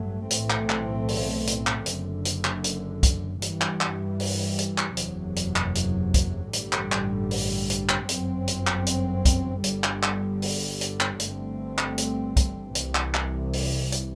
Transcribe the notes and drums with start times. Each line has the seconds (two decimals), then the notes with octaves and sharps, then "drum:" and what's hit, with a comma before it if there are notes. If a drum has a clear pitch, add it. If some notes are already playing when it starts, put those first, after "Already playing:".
Already playing: A1 G2 F#3 A3
0.30 B1 A2 E3 A3 C4, drum: hi-hat
0.50 drum: clap
0.70 drum: clap
1.08 drum: open hi-hat
1.47 drum: hi-hat
1.67 drum: clap
1.86 F#1 F#2 D3, drum: hi-hat
2.25 drum: hi-hat
2.45 drum: clap
2.64 drum: hi-hat
3.03 drum: kick, hi-hat
3.42 G2 E3 G3, drum: hi-hat
3.61 drum: clap
3.81 drum: clap
4.20 drum: open hi-hat
4.59 drum: hi-hat
4.78 drum: clap
4.97 F#1 E2 C3 F#3, drum: hi-hat
5.36 drum: hi-hat
5.56 drum: clap
5.75 drum: hi-hat
6.14 drum: kick, hi-hat
6.53 A1 G2 D3 G3, drum: hi-hat
6.73 drum: clap
6.92 drum: clap
7.31 drum: open hi-hat
7.70 drum: hi-hat
7.89 drum: clap
8.09 G1 F#2 F#3 C4, drum: hi-hat
8.48 drum: hi-hat
8.67 drum: clap
8.86 drum: hi-hat
9.25 drum: kick, hi-hat
9.64 G1 G2 D3 G3, drum: hi-hat
9.84 drum: clap
10.03 drum: clap
10.42 drum: open hi-hat
10.81 drum: hi-hat
11.00 drum: clap
11.20 G1 G2 D3 A3 C4, drum: hi-hat
11.78 drum: clap
11.98 drum: hi-hat
12.37 drum: kick, hi-hat
12.75 C2 C3 E3, drum: hi-hat
12.95 drum: clap
13.14 drum: clap
13.53 drum: open hi-hat
13.92 drum: hi-hat